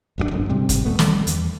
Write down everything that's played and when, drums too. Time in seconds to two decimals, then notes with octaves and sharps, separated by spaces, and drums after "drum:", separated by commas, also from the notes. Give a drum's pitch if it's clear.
0.18 D#1 F#2 F#3 D4
0.31 G1 F#2 A#2 D3
0.49 G#2 C3 G3 C4
0.69 drum: kick, hi-hat
0.85 D#2 A#2 A3 B3
0.99 D#3 G3 A3, drum: snare
1.27 E2, drum: hi-hat